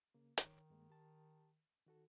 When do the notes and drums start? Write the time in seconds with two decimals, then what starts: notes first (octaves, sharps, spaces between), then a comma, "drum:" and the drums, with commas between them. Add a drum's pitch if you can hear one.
0.14 C#3 A#3
0.38 D#3 D#4 C#5, drum: hi-hat
0.70 G2 G#3 A#3
0.90 G4 A5
1.86 D#3 F#4 A4